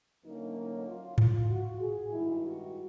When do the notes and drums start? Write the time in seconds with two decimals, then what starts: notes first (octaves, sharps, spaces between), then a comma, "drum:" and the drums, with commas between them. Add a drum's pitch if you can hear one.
0.24 D2 D3 F#3 A#3 C#4 D#4
0.56 D#4
0.87 F4
1.18 F4, drum: tom G#2
1.48 F#4
1.79 G#4
2.10 G2 D#3 G#3 E4
2.41 F#4